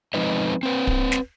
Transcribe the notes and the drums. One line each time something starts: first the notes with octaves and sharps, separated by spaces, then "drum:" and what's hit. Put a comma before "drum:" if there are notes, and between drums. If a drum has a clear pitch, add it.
F3 G#3 C4 D#4 B4 D#5
C4 B4
drum: kick D1
drum: snare